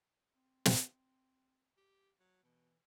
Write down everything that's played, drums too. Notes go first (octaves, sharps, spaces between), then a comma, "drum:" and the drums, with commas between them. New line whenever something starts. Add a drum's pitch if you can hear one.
C4
drum: snare
G4
F#3
B2 E3